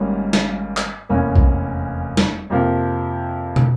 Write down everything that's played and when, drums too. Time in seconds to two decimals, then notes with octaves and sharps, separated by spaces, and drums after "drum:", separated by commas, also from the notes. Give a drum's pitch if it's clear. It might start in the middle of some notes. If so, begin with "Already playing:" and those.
Already playing: G#1 G#2 G3 A#3 C#4
0.33 drum: snare
0.77 drum: clap
1.09 F1 E2 E3 A#3 C#4
1.36 drum: kick B1
2.17 drum: snare
2.50 F2 C3 F3 A#3
3.56 drum: tom